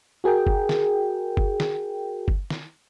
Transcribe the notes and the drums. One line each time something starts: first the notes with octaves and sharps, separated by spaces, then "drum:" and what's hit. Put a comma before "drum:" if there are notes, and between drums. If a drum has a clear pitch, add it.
F#4 G#4 A#4 G5
drum: kick G1
drum: snare
drum: kick G1
drum: snare
drum: kick G1
drum: snare